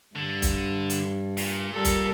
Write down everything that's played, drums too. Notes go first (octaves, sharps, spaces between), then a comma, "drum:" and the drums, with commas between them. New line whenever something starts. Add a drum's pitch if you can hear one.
G2 D3
drum: kick, hi-hat
drum: hi-hat
A#2, drum: open hi-hat
G3 A4 A#4
drum: kick, hi-hat